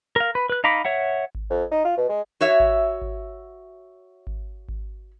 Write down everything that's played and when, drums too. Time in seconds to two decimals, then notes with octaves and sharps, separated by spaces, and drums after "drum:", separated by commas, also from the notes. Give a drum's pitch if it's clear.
0.16 A#4 F5
0.35 B4
0.50 B4 F#6
0.64 D#4 F5 A#5 B5 D6
0.85 C#5 E5 F#5
1.35 drum: kick G#1
1.50 F2
1.72 D#4
1.85 F4
1.97 B2
2.09 G#3
2.41 F#4 C#5 E5
2.60 drum: kick G#1
3.02 drum: kick G#1
4.27 drum: kick G#1
4.69 drum: kick G#1